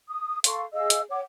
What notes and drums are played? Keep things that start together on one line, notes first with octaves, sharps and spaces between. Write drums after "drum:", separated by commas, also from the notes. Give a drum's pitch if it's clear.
D#6
A4 F5 C6 C#6, drum: hi-hat
G#4 D#5 F5 E6
drum: hi-hat
C#5 F#5 D6